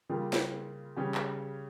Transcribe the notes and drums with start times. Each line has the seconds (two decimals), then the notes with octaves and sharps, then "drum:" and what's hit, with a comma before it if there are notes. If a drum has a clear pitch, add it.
0.09 C#3 G3 A#3 F4
0.33 drum: snare
0.96 C#3 G3 C#4 G4
1.15 drum: clap